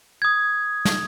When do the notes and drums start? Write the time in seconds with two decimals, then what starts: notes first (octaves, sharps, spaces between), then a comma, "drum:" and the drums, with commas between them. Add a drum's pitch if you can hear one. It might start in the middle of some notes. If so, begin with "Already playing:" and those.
0.22 D#6 G#6
0.85 drum: snare